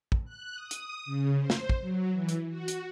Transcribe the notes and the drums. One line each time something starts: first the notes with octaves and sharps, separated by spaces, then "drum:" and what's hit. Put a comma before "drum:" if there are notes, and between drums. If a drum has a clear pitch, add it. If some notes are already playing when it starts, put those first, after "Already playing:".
drum: kick
F#6
D#6
drum: hi-hat
C#3
C5
drum: snare
drum: kick
F#3
E3
drum: hi-hat
F#4
drum: hi-hat